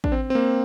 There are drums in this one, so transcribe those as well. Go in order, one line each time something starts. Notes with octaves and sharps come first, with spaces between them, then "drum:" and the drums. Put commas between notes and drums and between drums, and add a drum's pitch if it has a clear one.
D4, drum: kick A1
C4
C4
A#3